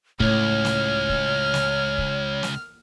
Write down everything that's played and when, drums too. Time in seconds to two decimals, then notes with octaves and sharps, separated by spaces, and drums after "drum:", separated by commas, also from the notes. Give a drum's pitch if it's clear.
0.20 C#2 A2 C#5 F6, drum: kick
0.65 drum: snare
1.09 drum: kick
1.54 drum: snare
1.98 drum: kick
2.43 drum: snare